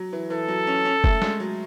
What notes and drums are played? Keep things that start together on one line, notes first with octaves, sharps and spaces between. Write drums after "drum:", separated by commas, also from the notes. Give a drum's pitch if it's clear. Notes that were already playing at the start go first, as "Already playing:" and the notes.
Already playing: F#3
E3
E3 A4
F#3
C#4
C#4
A3, drum: kick
G#3, drum: snare
F#3